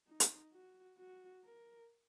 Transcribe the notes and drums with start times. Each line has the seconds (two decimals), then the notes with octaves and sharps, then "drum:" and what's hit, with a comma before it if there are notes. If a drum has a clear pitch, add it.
0.08 D#4
0.20 drum: hi-hat
0.53 F#4
0.98 F#4
1.44 A#4